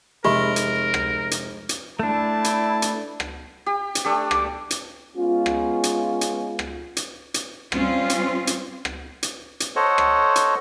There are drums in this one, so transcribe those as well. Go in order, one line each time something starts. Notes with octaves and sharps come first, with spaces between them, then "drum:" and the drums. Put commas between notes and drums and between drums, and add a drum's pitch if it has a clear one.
F1 G#3 G4 A#4 E5 B5
drum: hi-hat
drum: rim click
drum: hi-hat
drum: hi-hat
A3 D4 E4 A5
drum: hi-hat
drum: hi-hat
drum: rim click
G4
drum: hi-hat
A3 D4 G4
D6, drum: rim click
drum: hi-hat
G#3 B3 C#4 F4
drum: rim click
drum: hi-hat
drum: hi-hat
drum: rim click
drum: hi-hat
drum: hi-hat
G3 C4 C#4 F4, drum: rim click
drum: hi-hat
drum: hi-hat
drum: rim click
drum: hi-hat
drum: hi-hat
A4 C5 C#5 D#5 F#5
drum: rim click
drum: hi-hat